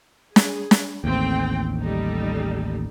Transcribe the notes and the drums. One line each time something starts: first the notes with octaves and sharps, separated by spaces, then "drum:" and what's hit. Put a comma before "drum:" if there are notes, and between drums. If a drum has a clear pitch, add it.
G#4, drum: snare
drum: snare
A1 D#2 A3 C4 G5
G3 D#4 A4